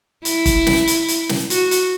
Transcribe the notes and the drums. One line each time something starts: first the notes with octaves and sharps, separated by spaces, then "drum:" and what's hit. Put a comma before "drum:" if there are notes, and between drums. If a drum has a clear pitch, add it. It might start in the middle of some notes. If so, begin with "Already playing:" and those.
E4, drum: hi-hat
drum: kick, hi-hat
drum: snare
drum: hi-hat
drum: hi-hat
drum: snare
F#4, drum: hi-hat
drum: hi-hat